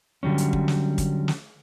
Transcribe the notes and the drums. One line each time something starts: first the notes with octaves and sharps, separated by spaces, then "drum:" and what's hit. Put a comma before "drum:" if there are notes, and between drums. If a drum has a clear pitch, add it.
D3 F#3 G3 C#4
drum: hi-hat
drum: kick
drum: snare
drum: kick, hi-hat
drum: snare